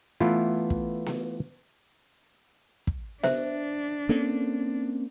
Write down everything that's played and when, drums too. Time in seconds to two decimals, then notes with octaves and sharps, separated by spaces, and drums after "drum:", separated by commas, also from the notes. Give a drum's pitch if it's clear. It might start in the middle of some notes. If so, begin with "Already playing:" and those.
0.20 E3 A3 B3 E4 F4
0.70 drum: kick
1.06 drum: snare B3
2.87 drum: kick
3.23 D4 C5 E5, drum: snare B3
4.09 A#3 C4 C#4 A4